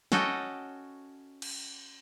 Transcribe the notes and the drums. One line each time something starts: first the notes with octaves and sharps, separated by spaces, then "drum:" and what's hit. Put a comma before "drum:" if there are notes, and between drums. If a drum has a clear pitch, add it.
C#4 F#4 A4 D#5 G5, drum: snare
drum: cymbal